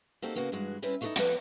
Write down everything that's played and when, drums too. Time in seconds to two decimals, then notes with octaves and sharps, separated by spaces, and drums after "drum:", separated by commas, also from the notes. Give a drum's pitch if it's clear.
0.22 A#3 C4 D#4 F#4 G4 A4
0.36 C#3 A#3 B3 F#4
0.52 G2 E3 G#3 F#4
0.82 G3 C4 C#4 E4 B4
1.01 D#4 E4 F#4 A4 C#5 F5
1.16 F3 A3 B4, drum: hi-hat